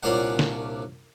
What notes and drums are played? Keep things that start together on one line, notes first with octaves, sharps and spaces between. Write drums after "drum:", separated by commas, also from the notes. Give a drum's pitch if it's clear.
C2 A#2 C#4 D4 F5 F#5
drum: snare